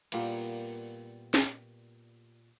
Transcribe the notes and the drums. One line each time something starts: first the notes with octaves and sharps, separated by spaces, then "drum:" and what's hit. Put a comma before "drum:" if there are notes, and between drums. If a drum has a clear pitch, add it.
A#2 G3 A#3 B3, drum: cymbal
drum: snare